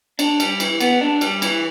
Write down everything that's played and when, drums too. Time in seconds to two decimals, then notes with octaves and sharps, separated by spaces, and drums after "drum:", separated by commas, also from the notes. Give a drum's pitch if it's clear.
0.19 D4, drum: cymbal
0.40 G3, drum: cymbal
0.60 E3, drum: cymbal
0.80 B3, drum: cymbal
1.01 D4
1.21 G3, drum: cymbal
1.42 E3, drum: cymbal